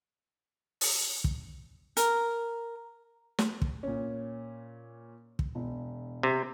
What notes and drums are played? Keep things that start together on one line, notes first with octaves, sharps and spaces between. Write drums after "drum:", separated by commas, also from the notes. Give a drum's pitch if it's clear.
drum: open hi-hat
drum: kick
A#4, drum: hi-hat
drum: snare
drum: kick
A#2 C#4
drum: kick
E1
C3